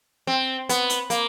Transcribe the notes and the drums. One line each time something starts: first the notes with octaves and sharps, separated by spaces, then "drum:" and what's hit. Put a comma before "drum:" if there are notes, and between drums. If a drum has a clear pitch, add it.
C4
B3, drum: hi-hat
drum: hi-hat
A#3, drum: hi-hat